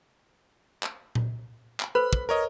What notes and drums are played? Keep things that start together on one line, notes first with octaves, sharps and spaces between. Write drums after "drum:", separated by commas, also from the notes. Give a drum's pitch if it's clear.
drum: clap
drum: tom A#2
drum: clap
A4 B4 C5 B5
drum: kick
A#4 C#5 D#5